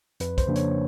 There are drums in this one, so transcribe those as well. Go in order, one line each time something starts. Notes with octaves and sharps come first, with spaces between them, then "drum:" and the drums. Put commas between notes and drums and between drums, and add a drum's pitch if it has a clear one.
F2 B4, drum: hi-hat
C5, drum: kick, hi-hat
C#3 F3 A#3 D4
C#5, drum: hi-hat